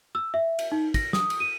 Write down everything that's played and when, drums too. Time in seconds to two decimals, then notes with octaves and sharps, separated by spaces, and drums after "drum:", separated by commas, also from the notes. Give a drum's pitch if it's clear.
0.15 E6
0.34 E5
0.59 drum: cymbal
0.72 D#4
0.94 A#6, drum: kick, cymbal
1.13 D#6, drum: snare
1.30 drum: cymbal
1.40 D#7